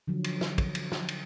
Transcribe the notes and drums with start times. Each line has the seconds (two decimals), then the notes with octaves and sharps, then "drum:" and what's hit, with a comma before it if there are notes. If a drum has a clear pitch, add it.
0.07 D3 F3 F#3
0.24 drum: cymbal
0.41 drum: snare
0.58 drum: kick, cymbal
0.75 drum: cymbal
0.92 drum: snare
1.09 drum: cymbal